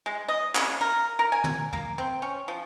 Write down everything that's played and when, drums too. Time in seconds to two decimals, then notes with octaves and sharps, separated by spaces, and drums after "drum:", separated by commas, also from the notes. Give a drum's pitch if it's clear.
0.06 G#3
0.28 D#5
0.55 C#3, drum: clap
0.81 A#4
1.19 A#4
1.32 G#5
1.44 drum: tom
1.73 A#3, drum: tom E2
1.98 C4
2.22 C#4
2.48 F3